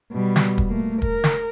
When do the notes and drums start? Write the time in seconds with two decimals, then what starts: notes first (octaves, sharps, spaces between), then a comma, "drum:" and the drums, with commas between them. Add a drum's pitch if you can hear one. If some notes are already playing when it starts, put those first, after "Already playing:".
0.12 B2 G3
0.36 drum: snare
0.58 drum: kick
0.68 A3 A#3
1.02 A#4, drum: kick
1.24 drum: snare